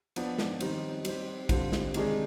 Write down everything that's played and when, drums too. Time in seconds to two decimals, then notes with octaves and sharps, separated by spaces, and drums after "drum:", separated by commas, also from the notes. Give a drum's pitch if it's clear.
0.16 F3 B3 D4, drum: cymbal
0.38 drum: snare
0.60 D#3 G3 C4 D#4, drum: cymbal
1.05 G3 C4 G4, drum: cymbal
1.49 D3 G3 C4 F4, drum: kick A#1, cymbal
1.72 drum: snare
1.94 C3 D#3 G#3 D4 G#4, drum: cymbal